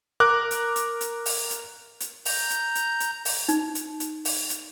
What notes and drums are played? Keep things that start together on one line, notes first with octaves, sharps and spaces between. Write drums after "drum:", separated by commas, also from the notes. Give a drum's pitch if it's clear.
A#4 D6 F#6
drum: hi-hat
drum: hi-hat
drum: hi-hat
drum: open hi-hat
drum: hi-hat
drum: hi-hat
A#5 G6, drum: open hi-hat
drum: hi-hat
drum: hi-hat
drum: hi-hat
drum: open hi-hat
D#4, drum: hi-hat
drum: hi-hat
drum: hi-hat
drum: open hi-hat
drum: hi-hat